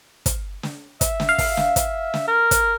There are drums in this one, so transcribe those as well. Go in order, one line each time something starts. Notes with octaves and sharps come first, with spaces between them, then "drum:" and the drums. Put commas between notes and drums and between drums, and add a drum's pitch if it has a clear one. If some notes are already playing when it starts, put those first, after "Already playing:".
drum: kick, hi-hat
drum: snare
E5, drum: kick, hi-hat
drum: snare
F5
drum: kick, open hi-hat
drum: snare
drum: kick, hi-hat
drum: snare
A#4
drum: kick, hi-hat